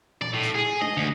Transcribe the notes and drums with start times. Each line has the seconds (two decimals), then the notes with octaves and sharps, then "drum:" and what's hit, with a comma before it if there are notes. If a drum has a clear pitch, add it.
0.21 D5, drum: tom A#2
0.33 A2
0.43 drum: hi-hat
0.55 G#4
0.81 D#5, drum: tom G#3
0.97 D2